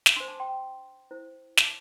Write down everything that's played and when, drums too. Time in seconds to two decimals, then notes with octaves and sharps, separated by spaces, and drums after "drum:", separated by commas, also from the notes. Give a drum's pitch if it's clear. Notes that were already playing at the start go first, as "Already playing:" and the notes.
0.06 drum: snare
0.16 D4 C5 C6 E6
0.28 A5 D6
0.40 G5 C6
1.11 E4 C5
1.57 A5 D6, drum: snare